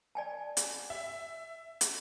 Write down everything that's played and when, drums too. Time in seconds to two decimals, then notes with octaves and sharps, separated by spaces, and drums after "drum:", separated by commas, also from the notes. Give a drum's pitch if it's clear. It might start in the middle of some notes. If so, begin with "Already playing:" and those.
0.15 D5 G#5 A5
0.57 drum: hi-hat
0.90 E5
1.81 drum: hi-hat